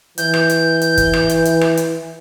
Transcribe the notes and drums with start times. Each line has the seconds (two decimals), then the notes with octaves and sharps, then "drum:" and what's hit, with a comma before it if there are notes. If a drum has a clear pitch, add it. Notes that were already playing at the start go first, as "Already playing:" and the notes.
0.18 E3 G6, drum: hi-hat
0.34 drum: rim click
0.50 drum: hi-hat
0.81 drum: hi-hat
0.97 drum: kick, hi-hat
1.13 drum: rim click
1.29 drum: hi-hat
1.45 drum: hi-hat
1.61 drum: rim click
1.77 drum: hi-hat